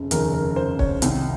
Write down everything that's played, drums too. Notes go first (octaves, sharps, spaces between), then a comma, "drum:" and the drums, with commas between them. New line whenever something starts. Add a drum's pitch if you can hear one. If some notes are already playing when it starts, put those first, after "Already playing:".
Already playing: F1 C#3
F1 D#2 C#3 A#4, drum: hi-hat
A#4
A#4
C5
C#5, drum: kick
C2 C3 D#3, drum: hi-hat